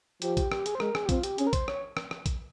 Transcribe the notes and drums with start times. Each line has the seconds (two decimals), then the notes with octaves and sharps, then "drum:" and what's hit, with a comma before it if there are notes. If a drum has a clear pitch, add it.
0.22 F3 G4, drum: hi-hat
0.37 G4, drum: kick A#1, hi-hat
0.52 G4, drum: rim click
0.66 G#4, drum: hi-hat
0.75 C5
0.80 G#3 A#4, drum: rim click
0.95 G#4, drum: rim click
1.06 G4
1.09 C4 F4, drum: kick A#1, hi-hat
1.23 G4, drum: hi-hat
1.38 C#4 G#4, drum: hi-hat
1.47 A#4
1.53 C5, drum: kick A#1, hi-hat
1.68 C#5, drum: rim click
1.97 drum: rim click
2.11 drum: rim click
2.26 drum: kick A#1, hi-hat